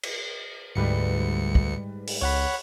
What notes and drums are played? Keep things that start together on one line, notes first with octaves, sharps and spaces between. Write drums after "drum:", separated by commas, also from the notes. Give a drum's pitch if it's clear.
drum: cymbal
D2 G#2 G3 B4 C#7
drum: kick
drum: open hi-hat
C#2 C#5 F#5 B5